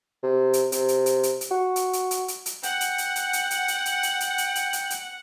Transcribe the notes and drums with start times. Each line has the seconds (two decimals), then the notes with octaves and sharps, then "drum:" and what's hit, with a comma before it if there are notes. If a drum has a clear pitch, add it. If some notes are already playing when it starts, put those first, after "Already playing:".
0.23 C3
0.53 drum: hi-hat
0.72 C3, drum: hi-hat
0.88 drum: hi-hat
1.06 drum: hi-hat
1.23 drum: hi-hat
1.41 drum: hi-hat
1.51 F#4
1.76 drum: hi-hat
1.93 drum: hi-hat
2.11 drum: hi-hat
2.28 drum: hi-hat
2.46 drum: hi-hat
2.63 F#5 G5, drum: hi-hat
2.81 drum: hi-hat
2.98 drum: hi-hat
3.16 drum: hi-hat
3.33 drum: hi-hat
3.51 drum: hi-hat
3.68 drum: hi-hat
3.86 drum: hi-hat
4.03 drum: hi-hat
4.20 drum: hi-hat
4.38 drum: hi-hat
4.55 drum: hi-hat
4.73 drum: hi-hat
4.90 drum: hi-hat